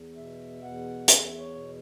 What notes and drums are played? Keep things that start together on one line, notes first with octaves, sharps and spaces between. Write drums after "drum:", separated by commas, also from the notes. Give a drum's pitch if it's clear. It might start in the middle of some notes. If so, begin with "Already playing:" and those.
Already playing: E2
B2 E5
E2 F#5
E2 E5, drum: hi-hat
C#5
B2